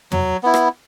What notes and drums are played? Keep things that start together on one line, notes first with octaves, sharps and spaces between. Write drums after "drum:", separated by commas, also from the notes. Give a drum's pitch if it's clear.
F#3, drum: tom
B3 E4
drum: rim click